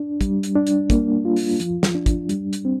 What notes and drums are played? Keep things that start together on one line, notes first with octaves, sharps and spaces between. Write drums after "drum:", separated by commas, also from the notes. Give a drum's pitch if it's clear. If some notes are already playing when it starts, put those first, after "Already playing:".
Already playing: D4
G3, drum: kick, hi-hat
drum: hi-hat
D4
drum: hi-hat
A#3, drum: kick, hi-hat
F4
drum: open hi-hat
F3, drum: hi-hat
drum: snare
D4
drum: kick, hi-hat
G3, drum: hi-hat
drum: hi-hat
C4